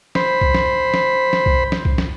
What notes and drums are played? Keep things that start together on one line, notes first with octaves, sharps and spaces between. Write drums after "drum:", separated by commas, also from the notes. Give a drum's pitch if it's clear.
C5 B5, drum: snare
drum: kick C2
drum: snare
drum: snare
drum: snare
drum: kick C2
drum: snare
drum: kick C2
drum: snare